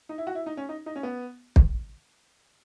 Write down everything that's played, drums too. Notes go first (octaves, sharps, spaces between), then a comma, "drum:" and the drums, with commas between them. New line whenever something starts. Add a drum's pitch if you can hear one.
D#4
E4
F#4
E4
D#4
C#4
D#4
D#4
C#4
B3
drum: kick